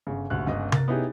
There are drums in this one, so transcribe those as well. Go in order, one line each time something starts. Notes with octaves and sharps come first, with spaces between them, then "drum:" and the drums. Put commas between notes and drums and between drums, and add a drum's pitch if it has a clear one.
G1 C#3
D#1 D2 F#6
G1 C#2 D#5
A#4 A6, drum: tom C3
B3 C#4 D#4 E4 G4 G#4